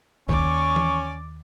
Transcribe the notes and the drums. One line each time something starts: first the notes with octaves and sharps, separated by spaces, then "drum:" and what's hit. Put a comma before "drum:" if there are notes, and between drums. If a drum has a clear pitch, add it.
D#2 C#4 D5 C#6 D6, drum: kick A#1
drum: tom E3